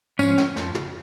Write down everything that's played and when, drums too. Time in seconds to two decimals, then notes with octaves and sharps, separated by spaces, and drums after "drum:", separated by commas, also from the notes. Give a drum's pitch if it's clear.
0.19 G#2 F3 C#4, drum: tambourine
0.38 drum: snare
0.56 F2 F3, drum: snare
0.75 drum: tom